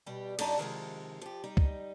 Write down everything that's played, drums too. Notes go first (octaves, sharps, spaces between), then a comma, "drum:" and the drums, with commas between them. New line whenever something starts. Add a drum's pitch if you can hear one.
B2 G3 G4
F#2 D4 D#4 D5 A5 A#5, drum: cymbal
C3 D#3 F3 G#3
F3 G4
G3 D#4
drum: kick